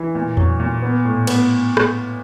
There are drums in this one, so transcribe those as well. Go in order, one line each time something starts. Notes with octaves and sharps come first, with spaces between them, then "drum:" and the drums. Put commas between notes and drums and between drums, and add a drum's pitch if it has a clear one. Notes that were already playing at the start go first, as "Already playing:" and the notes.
Already playing: E3
A#2
F#3, drum: tom E2
A#2
B3
A2
B3, drum: cymbal
drum: rim click